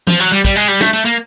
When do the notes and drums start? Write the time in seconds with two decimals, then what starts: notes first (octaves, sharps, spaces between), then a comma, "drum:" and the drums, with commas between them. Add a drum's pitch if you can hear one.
0.07 F3, drum: tom E3
0.20 F#3
0.32 G3
0.45 G3, drum: kick, hi-hat
0.56 G#3
0.68 G3
0.81 A3, drum: snare
0.93 A3
1.05 A#3